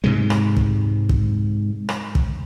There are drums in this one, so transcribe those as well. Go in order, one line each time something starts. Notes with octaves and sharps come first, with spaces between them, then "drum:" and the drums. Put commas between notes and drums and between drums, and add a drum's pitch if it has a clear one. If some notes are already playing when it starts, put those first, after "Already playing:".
G#2 C3 G#3
drum: rim click
drum: kick
drum: kick
drum: rim click
drum: kick